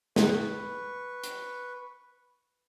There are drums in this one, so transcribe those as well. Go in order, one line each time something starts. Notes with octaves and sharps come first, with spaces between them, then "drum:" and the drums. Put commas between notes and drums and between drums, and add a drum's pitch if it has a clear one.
B4 C#6, drum: snare
drum: hi-hat